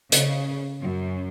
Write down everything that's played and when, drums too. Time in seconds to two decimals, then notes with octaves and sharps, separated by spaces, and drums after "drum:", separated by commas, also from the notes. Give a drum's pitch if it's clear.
0.12 C#3, drum: hi-hat
0.81 F#2